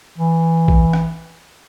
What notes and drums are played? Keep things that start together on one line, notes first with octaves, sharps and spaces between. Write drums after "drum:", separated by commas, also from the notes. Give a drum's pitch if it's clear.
E3
drum: kick A#1
drum: rim click